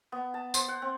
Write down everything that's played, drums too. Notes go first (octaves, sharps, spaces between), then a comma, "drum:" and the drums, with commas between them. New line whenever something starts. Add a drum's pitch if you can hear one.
B3
A5
C5, drum: tambourine
F#5
C4